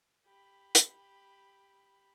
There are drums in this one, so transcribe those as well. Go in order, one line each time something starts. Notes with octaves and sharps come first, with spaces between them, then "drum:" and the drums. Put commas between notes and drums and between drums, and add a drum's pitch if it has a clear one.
G4 B5
drum: hi-hat